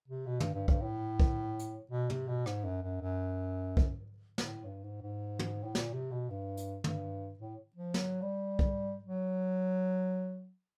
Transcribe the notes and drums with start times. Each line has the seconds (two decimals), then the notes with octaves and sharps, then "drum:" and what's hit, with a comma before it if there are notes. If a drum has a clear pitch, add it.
0.08 C3
0.26 B2
0.40 G2, drum: tom
0.54 G2
0.68 G2, drum: kick
0.82 A2
1.20 drum: kick
1.59 drum: hi-hat
1.91 B2
2.10 C3, drum: tom
2.28 B2
2.46 G#2, drum: rim click
2.65 F#2
2.83 F#2
3.01 F#2
3.77 drum: kick
4.38 A2, drum: snare
4.65 G2
4.84 G#2
5.02 G#2
5.39 drum: tom
5.64 A2
5.75 A#2, drum: snare
5.94 C3
6.11 B2
6.30 G2
6.57 drum: hi-hat
6.84 G2, drum: tom
7.39 A2
7.76 F3
7.94 F#3, drum: snare
8.22 G3
8.59 drum: kick
9.04 F#3